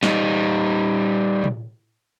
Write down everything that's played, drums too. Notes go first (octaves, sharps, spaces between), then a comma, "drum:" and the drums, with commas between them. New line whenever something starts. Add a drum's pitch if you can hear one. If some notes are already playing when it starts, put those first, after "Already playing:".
G3 D#4, drum: snare
drum: tom